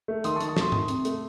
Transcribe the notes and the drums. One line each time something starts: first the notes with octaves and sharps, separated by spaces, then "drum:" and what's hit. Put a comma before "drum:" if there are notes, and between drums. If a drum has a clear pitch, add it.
A3
D#3 C6 D#6, drum: hi-hat
A5 C#6
D#3, drum: hi-hat
A5 C#6
A3 C6 D#6, drum: snare
D#3, drum: tom G#2
C3, drum: hi-hat
A3, drum: hi-hat